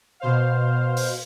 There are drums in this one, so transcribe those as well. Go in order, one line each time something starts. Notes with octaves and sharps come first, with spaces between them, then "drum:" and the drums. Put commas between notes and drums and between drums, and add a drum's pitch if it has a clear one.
B2 C5 F5
drum: open hi-hat